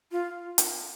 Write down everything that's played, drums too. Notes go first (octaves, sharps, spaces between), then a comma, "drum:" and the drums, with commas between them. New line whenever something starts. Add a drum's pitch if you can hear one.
F4
drum: hi-hat